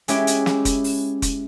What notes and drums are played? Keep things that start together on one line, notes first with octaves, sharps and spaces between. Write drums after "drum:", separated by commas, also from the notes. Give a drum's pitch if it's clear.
G#3 C#4 E4 G4 E5 D6, drum: hi-hat
drum: hi-hat
drum: snare
drum: kick F1, hi-hat
drum: open hi-hat
drum: kick F1, hi-hat